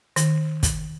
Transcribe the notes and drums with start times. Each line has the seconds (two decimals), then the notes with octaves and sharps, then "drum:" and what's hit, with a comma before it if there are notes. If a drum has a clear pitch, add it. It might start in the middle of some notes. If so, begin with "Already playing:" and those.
0.16 D#3, drum: hi-hat
0.63 drum: kick, hi-hat